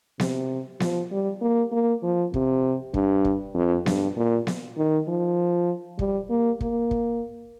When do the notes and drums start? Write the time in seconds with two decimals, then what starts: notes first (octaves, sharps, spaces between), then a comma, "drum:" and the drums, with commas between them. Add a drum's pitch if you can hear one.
0.20 C3, drum: snare B3
0.80 F3, drum: snare B3
1.11 G3
1.42 A#3
1.72 A#3
2.03 F3
2.34 C3, drum: kick
2.94 G2, drum: kick
3.25 drum: kick
3.55 F2
3.86 G2, drum: snare B3
4.17 A#2
4.47 drum: snare B3
4.77 D#3
5.08 F3
5.99 G3, drum: kick
6.30 A#3
6.61 A#3, drum: kick
6.91 drum: kick